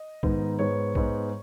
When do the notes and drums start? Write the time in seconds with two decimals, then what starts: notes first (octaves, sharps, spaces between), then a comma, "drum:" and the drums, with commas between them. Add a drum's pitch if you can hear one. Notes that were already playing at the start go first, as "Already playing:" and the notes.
Already playing: D#5
0.23 G#2 D#3 B3, drum: kick A#1
0.59 G#2 G#3 B3 C#5
0.95 G#2 G#3 B3, drum: kick A#1